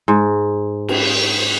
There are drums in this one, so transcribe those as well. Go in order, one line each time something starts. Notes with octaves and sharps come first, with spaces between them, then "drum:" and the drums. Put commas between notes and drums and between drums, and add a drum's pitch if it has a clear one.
G#2
drum: cymbal